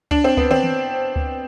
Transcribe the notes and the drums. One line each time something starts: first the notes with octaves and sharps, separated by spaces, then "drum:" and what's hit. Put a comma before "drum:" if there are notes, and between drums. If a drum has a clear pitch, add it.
D4, drum: kick C#2
C4
B3, drum: kick C#2
C4, drum: tom
drum: tom D#3
drum: kick C#2